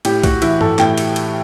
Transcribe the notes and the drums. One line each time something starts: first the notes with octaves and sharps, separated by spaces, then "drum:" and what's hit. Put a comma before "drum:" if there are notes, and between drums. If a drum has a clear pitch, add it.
A2 G4, drum: cymbal
F#4, drum: kick, cymbal
E3 E4, drum: cymbal
A4, drum: tom G2
A2 G5, drum: clap
drum: cymbal
drum: cymbal